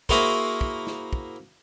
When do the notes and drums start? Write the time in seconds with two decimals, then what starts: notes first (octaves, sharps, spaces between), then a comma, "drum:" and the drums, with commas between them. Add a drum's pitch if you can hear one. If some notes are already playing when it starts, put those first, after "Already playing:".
0.09 A#3 E4 F#4 G#4 A#4 C5, drum: kick
0.61 drum: kick
0.87 drum: snare
1.13 drum: kick